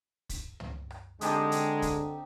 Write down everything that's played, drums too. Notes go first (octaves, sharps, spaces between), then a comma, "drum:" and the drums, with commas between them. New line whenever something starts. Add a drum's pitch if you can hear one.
drum: kick, hi-hat
drum: tom
drum: rim click
D3 G#3 C4 D#4 G4 G#5 A5 D#6, drum: hi-hat
drum: hi-hat
drum: kick, hi-hat